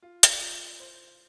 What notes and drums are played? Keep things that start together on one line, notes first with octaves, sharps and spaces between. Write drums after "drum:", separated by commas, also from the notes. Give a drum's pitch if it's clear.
F4
drum: hi-hat
F4
C5